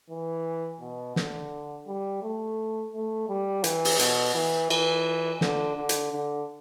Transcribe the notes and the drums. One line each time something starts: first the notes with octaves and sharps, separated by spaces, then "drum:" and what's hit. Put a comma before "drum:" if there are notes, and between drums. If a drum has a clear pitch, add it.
E3
B2
D3, drum: snare
G3
A3
A3
G3
E3, drum: hi-hat
drum: open hi-hat
B2, drum: hi-hat
E3
E3, drum: cymbal
D3, drum: snare
D3
drum: hi-hat
D3